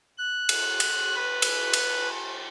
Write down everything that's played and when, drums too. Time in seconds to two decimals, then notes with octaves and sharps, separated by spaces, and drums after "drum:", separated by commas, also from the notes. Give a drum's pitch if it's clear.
0.18 F#6
0.49 drum: cymbal
0.80 drum: cymbal
1.16 B4
1.42 drum: cymbal
1.73 drum: cymbal